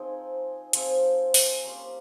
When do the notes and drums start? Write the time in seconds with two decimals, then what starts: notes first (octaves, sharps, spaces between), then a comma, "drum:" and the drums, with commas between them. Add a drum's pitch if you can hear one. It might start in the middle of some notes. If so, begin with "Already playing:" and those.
Already playing: F3 C4 D#4 G#4
0.73 F3 C4 F4 G#4, drum: hi-hat
1.34 drum: open hi-hat
1.64 A#3 C#4 G4 C5